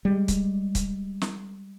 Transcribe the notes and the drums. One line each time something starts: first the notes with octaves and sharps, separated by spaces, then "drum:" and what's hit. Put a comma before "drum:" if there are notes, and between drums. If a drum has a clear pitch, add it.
G3 G#3
drum: kick, hi-hat
drum: kick, hi-hat
drum: snare